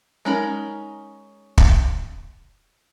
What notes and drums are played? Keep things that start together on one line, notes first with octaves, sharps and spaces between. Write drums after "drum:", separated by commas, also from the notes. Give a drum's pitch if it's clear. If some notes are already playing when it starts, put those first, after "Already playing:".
G#3 C#4 D#4 A#4 B5
drum: kick